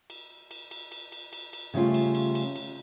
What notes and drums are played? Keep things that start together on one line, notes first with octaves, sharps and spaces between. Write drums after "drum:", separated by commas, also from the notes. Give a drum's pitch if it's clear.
drum: cymbal
drum: cymbal
drum: cymbal
drum: cymbal
drum: cymbal
drum: cymbal
drum: cymbal
C#3 G3 A3 C#4 F4
drum: cymbal
drum: cymbal
drum: cymbal
drum: cymbal